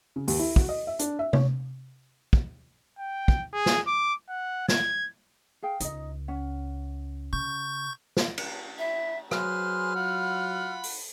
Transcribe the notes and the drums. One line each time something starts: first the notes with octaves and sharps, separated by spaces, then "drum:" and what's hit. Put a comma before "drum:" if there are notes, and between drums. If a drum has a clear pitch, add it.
C#3
D#2, drum: open hi-hat
E4
F#4, drum: kick
D#5
E5
D4, drum: hi-hat
E5
C#5, drum: tom C3
drum: kick
G5
drum: kick
G#4
drum: snare
D6
F#5
G#6, drum: snare
G#4 F5 G5
C#2 D#4 D#5, drum: hi-hat
C#4 F#5
C#3 C#6 G6
drum: snare
drum: cymbal
E4 E5
F#3 G#4 B4 C5 F6, drum: rim click
F4 F#5 B5
drum: open hi-hat